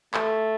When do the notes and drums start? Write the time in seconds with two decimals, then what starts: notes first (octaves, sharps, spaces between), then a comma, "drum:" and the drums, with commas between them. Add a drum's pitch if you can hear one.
0.14 A3, drum: clap